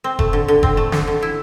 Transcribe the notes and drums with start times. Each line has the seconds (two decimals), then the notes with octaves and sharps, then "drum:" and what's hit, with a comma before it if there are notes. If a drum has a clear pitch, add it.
0.04 C4
0.19 A3, drum: kick F1
0.33 D3
0.48 D3
0.63 C4, drum: kick F1
0.77 A3
0.92 D3, drum: snare
1.08 D3
1.22 E4